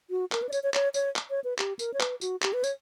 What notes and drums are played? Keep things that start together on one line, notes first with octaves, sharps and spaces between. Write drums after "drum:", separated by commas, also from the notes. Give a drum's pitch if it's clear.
F#4
A#4, drum: clap
B4
D5
C#5, drum: tambourine
C#5
C#5, drum: clap
C#5, drum: tambourine
drum: clap
C#5
B4
G4, drum: clap
A#4, drum: tambourine
C#5
B4, drum: clap
F#4, drum: tambourine
G4, drum: clap
B4
C#5, drum: tambourine